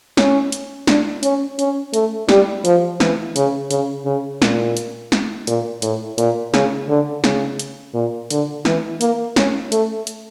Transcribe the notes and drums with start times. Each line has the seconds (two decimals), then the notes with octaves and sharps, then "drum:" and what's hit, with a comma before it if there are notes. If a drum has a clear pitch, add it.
0.17 C#4, drum: snare
0.52 drum: hi-hat
0.87 D4, drum: snare
1.23 C#4, drum: hi-hat
1.59 C#4, drum: hi-hat
1.94 A3, drum: hi-hat
2.29 G3, drum: snare
2.65 F3, drum: hi-hat
3.00 E3, drum: snare
3.36 C#3, drum: hi-hat
3.71 C#3, drum: hi-hat
4.05 C#3
4.42 A#2, drum: snare
4.77 drum: hi-hat
5.12 drum: snare
5.47 A#2, drum: hi-hat
5.82 A2, drum: hi-hat
6.18 A#2, drum: hi-hat
6.54 C#3, drum: snare
6.88 D3
7.24 C#3, drum: snare
7.59 drum: hi-hat
7.94 A#2
8.30 D3, drum: hi-hat
8.65 E3, drum: snare
9.01 A#3, drum: hi-hat
9.36 C#4, drum: snare
9.72 A3, drum: hi-hat
10.07 drum: hi-hat